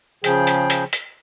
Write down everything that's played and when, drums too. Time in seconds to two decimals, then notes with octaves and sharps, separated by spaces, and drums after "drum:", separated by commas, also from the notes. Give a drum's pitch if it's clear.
0.24 C#3 F3 G#4 G5, drum: hi-hat
0.47 drum: hi-hat
0.70 drum: hi-hat
0.93 drum: hi-hat